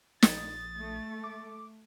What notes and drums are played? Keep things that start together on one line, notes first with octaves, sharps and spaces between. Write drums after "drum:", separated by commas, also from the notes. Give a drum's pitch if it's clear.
A#1 D#6 A6, drum: snare
A3
D6